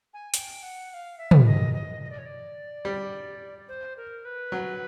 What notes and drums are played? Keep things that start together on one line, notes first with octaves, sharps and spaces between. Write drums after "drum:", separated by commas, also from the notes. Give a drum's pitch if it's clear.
G#5
G5, drum: hi-hat
F#5
F#5
F5
E5
drum: tom
D#5
D#5
D#5
D5
C#5
D5
G3
C5
A#4
B4
F#3